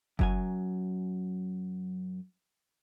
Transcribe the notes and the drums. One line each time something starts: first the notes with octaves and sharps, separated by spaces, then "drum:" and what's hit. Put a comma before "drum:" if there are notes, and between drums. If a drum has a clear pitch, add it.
F#2 F#3 G#5, drum: kick F#1